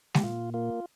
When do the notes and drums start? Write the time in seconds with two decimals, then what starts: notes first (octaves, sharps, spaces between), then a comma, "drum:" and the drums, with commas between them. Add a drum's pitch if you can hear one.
0.14 G4, drum: snare G#3
0.23 A#2 F4
0.54 A#3 F4